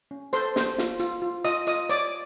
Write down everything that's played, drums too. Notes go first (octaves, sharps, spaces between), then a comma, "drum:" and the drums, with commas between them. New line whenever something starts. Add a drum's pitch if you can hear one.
C#4
A4 C5 C6, drum: hi-hat
C5, drum: snare
F4, drum: snare
F4, drum: hi-hat
F4
F4 D#5 D#6, drum: hi-hat
F4 D#5 D#6, drum: hi-hat
C#5 D5 D6, drum: hi-hat